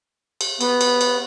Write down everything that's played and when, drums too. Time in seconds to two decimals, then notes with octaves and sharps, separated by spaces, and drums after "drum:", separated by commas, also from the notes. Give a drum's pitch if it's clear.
0.41 drum: cymbal
0.61 B3, drum: cymbal
0.81 drum: cymbal
1.01 drum: cymbal